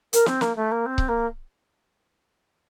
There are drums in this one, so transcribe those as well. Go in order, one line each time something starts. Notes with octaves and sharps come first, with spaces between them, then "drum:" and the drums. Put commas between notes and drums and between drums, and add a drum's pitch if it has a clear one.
A#4, drum: hi-hat
C4, drum: snare
A#3, drum: snare
A3
A#3
C4
drum: kick C#1
A#3